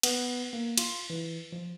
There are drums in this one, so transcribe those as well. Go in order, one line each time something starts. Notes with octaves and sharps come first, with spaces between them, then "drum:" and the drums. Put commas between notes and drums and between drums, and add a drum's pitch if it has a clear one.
B3, drum: cymbal
A#3
F4, drum: cymbal
E3
F3